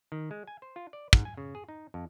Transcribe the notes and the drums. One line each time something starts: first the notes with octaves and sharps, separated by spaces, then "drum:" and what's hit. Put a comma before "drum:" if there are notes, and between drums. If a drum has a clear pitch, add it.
D#3
G#3
G#5
C5
F4
D5
G#2, drum: kick
G#5
C#3
G#4
D#4
F2